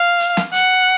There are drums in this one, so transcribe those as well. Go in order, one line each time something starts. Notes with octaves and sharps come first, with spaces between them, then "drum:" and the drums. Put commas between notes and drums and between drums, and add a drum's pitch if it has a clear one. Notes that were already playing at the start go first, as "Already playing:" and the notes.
Already playing: F5
drum: hi-hat
drum: snare
F#5, drum: hi-hat